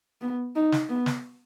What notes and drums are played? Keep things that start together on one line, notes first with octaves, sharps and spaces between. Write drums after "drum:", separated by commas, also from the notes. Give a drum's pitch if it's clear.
B3
D#4
drum: snare
B3
drum: snare